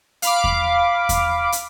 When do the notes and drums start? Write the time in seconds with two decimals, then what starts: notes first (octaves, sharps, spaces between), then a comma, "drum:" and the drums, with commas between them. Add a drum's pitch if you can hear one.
0.22 F5 B5 D6, drum: hi-hat
0.44 drum: kick E2
1.09 drum: kick E2, hi-hat
1.52 drum: hi-hat